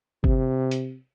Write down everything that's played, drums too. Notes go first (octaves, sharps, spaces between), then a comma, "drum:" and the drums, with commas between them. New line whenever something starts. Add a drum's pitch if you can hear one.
C3, drum: kick F#1
drum: hi-hat